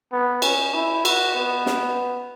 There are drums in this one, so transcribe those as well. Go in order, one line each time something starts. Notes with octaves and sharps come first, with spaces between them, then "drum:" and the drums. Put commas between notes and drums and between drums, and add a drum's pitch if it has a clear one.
B3
C#4, drum: cymbal
E4
F#4, drum: cymbal
B3
drum: snare